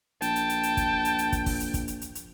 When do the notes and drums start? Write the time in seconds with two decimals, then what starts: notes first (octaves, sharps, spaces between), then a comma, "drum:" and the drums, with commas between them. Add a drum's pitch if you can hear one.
0.22 A#1 G5 A5, drum: hi-hat
0.36 drum: hi-hat
0.50 drum: hi-hat
0.63 drum: hi-hat
0.77 drum: kick, hi-hat
1.05 drum: hi-hat
1.19 drum: hi-hat
1.32 drum: kick, hi-hat
1.46 drum: kick, open hi-hat
1.60 drum: hi-hat
1.74 drum: kick, hi-hat
1.88 drum: hi-hat
2.01 drum: hi-hat
2.15 drum: hi-hat